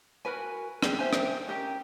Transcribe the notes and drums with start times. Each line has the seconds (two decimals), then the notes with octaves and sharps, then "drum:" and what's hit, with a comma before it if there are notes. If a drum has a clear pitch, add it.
0.25 F#4 A#4 B4 G#5
0.82 G4 G#4, drum: rim click
0.99 G4 C5 E5 G#5
1.13 drum: rim click
1.47 C#4 G4 A#4